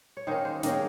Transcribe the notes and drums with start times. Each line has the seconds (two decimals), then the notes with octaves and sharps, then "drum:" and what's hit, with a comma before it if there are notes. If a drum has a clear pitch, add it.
0.17 C#5
0.27 D#3 A#3 C#4 C5
0.45 C5
0.63 D#3 A#3 C#4 A#4, drum: snare
0.72 G#4